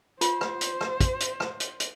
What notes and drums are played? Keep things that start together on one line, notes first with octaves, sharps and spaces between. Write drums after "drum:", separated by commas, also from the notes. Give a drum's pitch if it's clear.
F4 C5, drum: hi-hat
drum: rim click
drum: hi-hat
drum: rim click
drum: kick, hi-hat
drum: hi-hat
drum: rim click
drum: hi-hat
drum: hi-hat